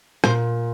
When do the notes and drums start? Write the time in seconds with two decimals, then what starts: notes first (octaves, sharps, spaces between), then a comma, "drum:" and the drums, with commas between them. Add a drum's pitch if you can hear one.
0.24 A#2 C5, drum: rim click